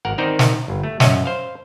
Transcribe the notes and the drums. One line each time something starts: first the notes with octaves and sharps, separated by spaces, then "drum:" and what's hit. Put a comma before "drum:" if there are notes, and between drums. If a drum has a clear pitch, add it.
G#1 A#4 F#5
D#3 C4 D#4 A#4 C5 D5
drum: snare
G1
A3
F#2 C#4 D#5 E5, drum: snare
C5 F5